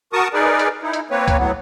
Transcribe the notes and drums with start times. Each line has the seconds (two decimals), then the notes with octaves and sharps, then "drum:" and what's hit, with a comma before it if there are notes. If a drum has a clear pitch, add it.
0.13 F#4 A#4 A5 C#6 D#6
0.33 D#4 G#4 A#4 B4 D5
0.59 drum: hi-hat
0.82 D#4 E4
0.93 drum: hi-hat
1.11 A#3 C4 B4 C#5
1.28 drum: kick C#2, hi-hat
1.38 A2 F#3 B3